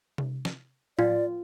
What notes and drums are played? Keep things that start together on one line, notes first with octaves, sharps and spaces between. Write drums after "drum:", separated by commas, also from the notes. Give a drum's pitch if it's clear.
drum: tom C3
drum: snare
F4 D5, drum: tom A2